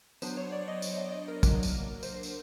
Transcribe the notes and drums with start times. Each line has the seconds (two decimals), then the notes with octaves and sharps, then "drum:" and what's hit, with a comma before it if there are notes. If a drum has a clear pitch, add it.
0.22 F#3 B3 D4 C5, drum: tambourine
0.37 C#5
0.52 D5
0.68 D#5
0.82 drum: tambourine
0.97 D#5
1.12 D#5
1.28 A#4
1.43 F#3 A#3 D4, drum: kick, tambourine
1.63 drum: tambourine
2.03 C5, drum: tambourine
2.23 drum: tambourine